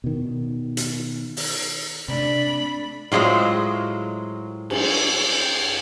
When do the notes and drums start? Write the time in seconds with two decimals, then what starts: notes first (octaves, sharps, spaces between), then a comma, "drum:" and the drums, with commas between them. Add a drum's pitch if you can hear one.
0.04 B2 D#3
0.77 drum: hi-hat
1.37 drum: open hi-hat
2.08 C3 A3 D4 D5 B5
3.12 A2 F#3 G#3 F4 C5
4.70 drum: cymbal